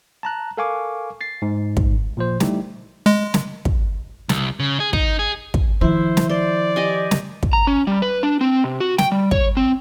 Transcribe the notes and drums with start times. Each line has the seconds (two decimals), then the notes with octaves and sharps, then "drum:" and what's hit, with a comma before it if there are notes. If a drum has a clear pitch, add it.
0.23 A5 A#5 F#6
0.57 A4 A#4 F5 G#5 C#6 D6
1.21 A6 C7
1.42 G#2
1.77 drum: kick
2.17 A#2 F3 C5
2.40 G3 A3 D#4 E4 G4, drum: snare
3.06 G#3
3.34 drum: snare
3.65 drum: kick
4.29 C2, drum: snare
4.60 C#3
4.80 G#4
4.93 D#4, drum: kick
5.19 G#4
5.54 drum: kick
5.81 D#3 F3 E4 C5
6.17 drum: snare
6.30 C5 D5
6.76 G4 D#5 G#5
7.11 drum: snare
7.43 drum: kick
7.53 A#5
7.67 C#4
7.87 G3
8.02 B4
8.23 D4
8.41 C4
8.64 C3
8.80 F#4
8.98 G5, drum: snare
9.12 G3
9.31 C#5, drum: kick
9.57 C4